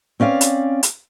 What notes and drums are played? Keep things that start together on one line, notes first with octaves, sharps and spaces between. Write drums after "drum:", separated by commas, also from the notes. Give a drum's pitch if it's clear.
C4 C#4 D5 F5
drum: hi-hat
drum: hi-hat